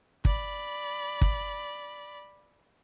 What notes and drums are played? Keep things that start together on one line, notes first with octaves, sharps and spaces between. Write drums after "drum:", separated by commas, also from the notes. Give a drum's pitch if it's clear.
D5 B5, drum: kick
drum: kick